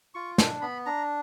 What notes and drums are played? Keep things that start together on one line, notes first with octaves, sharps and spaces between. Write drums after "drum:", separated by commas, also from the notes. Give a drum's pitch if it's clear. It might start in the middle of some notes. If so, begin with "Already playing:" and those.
F4 C#6
D4, drum: snare
B3 B5
D4 A#5